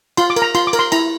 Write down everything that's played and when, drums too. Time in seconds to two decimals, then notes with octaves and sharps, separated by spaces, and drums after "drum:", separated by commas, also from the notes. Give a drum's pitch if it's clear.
0.17 F4 C6, drum: cymbal
0.30 D6
0.36 A#4, drum: cymbal
0.42 A#5
0.55 F4 C6, drum: cymbal
0.67 D6
0.73 A#4, drum: cymbal
0.79 C6
0.92 E4 A#5, drum: cymbal